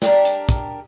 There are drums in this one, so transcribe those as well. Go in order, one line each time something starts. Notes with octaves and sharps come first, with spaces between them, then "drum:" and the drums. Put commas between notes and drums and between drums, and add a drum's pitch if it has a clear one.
D4 G4 A4 A#4, drum: snare
drum: hi-hat
drum: kick, hi-hat